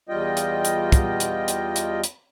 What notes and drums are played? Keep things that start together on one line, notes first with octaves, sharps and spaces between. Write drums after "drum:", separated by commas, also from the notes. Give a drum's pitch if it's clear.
E2 G3 F4 D#5 G5
drum: hi-hat
drum: hi-hat
drum: kick, hi-hat
drum: hi-hat
drum: hi-hat
drum: hi-hat
drum: hi-hat